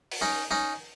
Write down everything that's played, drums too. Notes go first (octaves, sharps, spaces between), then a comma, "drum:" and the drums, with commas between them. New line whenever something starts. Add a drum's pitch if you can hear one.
drum: open hi-hat
C#4 D#4
C#4 D#4